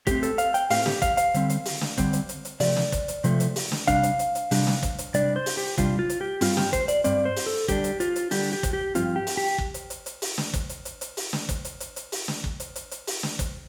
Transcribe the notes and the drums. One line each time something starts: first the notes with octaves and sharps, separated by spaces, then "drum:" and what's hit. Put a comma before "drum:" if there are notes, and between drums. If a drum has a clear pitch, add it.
A2 A3 C4 G4, drum: kick, hi-hat
A4, drum: hi-hat
F5, drum: hi-hat
G5, drum: hi-hat
A2 A3 C4 F5, drum: open hi-hat
G4, drum: snare
F5, drum: kick, hi-hat
F5, drum: hi-hat
D3 G3 C4, drum: hi-hat
drum: hi-hat
drum: open hi-hat
drum: snare
D3 G3 C4, drum: kick, hi-hat
drum: hi-hat
drum: hi-hat
drum: hi-hat
C3 F3 A3 D5, drum: open hi-hat
drum: snare
drum: kick, hi-hat
drum: hi-hat
C3 F3 A3, drum: hi-hat
drum: hi-hat
drum: open hi-hat
drum: snare
C3 G3 D4 F5, drum: kick, hi-hat
drum: hi-hat
drum: hi-hat
drum: hi-hat
C3 G3 D4, drum: open hi-hat
drum: snare
drum: kick, hi-hat
drum: hi-hat
C3 G3 D4 D5, drum: hi-hat
C5
drum: open hi-hat
G4
C3 G3 D4 F4, drum: kick, hi-hat
F4
drum: hi-hat
G4
G2 G3 C4 F4, drum: open hi-hat
G4, drum: snare
C5, drum: kick, hi-hat
D5, drum: hi-hat
G2 G3 C4 D5, drum: hi-hat
C5
drum: open hi-hat
A4
D3 G3 D4 G4, drum: kick, hi-hat
drum: hi-hat
F4, drum: hi-hat
drum: hi-hat
D3 G3 D4 G4, drum: open hi-hat
G4
drum: kick, hi-hat
G4
G2 F3 C4 F4, drum: hi-hat
G4
drum: open hi-hat
G4
drum: kick
drum: hi-hat
drum: hi-hat
drum: hi-hat
drum: open hi-hat
drum: snare
drum: kick, hi-hat
drum: hi-hat
drum: hi-hat
drum: hi-hat
drum: open hi-hat
drum: snare
drum: kick, hi-hat
drum: hi-hat
drum: hi-hat
drum: hi-hat
drum: open hi-hat
drum: snare
drum: kick
drum: hi-hat
drum: hi-hat
drum: hi-hat
drum: open hi-hat
drum: snare
drum: kick, hi-hat